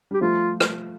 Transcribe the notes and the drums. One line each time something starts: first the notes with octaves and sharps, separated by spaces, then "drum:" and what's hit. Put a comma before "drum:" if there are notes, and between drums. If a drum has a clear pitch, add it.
G3 G4
F3 A3 F4
drum: rim click